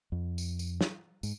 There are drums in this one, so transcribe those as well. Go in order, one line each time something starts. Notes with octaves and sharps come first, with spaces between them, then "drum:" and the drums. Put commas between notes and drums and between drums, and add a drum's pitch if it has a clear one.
F2
drum: tambourine
drum: tambourine
drum: snare
G#2, drum: tambourine